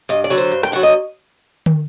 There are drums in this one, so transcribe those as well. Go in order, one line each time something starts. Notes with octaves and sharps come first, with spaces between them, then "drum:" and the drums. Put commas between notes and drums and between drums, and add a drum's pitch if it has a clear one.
G2 D#5
D5
D3 F#3
C5
G2
G5, drum: rim click
D3 F#3 F#5
D#5
drum: tom